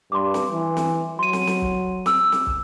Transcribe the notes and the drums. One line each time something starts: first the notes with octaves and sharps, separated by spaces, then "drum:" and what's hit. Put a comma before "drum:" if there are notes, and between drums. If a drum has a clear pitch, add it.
G2 C6 D6
drum: snare
E3
drum: snare
F#3 C6 D#7
drum: snare
drum: snare
drum: kick
D6 E6, drum: snare
drum: snare
drum: kick